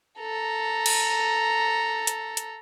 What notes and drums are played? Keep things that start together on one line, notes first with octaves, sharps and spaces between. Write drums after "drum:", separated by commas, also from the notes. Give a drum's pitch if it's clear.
A4 A#5
drum: cymbal
drum: hi-hat
drum: hi-hat